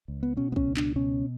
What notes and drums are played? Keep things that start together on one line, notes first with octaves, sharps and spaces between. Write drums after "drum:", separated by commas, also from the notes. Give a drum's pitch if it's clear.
C#2
B3
B2 C#4
B3
C#4, drum: kick
C#2
D4, drum: clap
B2 C#4